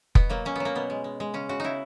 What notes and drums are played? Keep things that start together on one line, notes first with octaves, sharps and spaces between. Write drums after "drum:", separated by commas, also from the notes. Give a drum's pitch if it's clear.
B2 B3, drum: kick F1
F#3 A#3
F#3 C#4
F#3 B3
A#3
B2 B3
G#3
G#3
G#3
C#3 C#4
C#3 F#4
C#3 D#4 E4